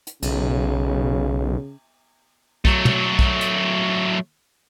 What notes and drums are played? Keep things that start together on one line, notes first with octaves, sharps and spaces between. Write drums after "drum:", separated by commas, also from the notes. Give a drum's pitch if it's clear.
drum: hi-hat
B1 C#3, drum: cymbal
F#3 A3, drum: kick B1
drum: tom
drum: kick B1
drum: hi-hat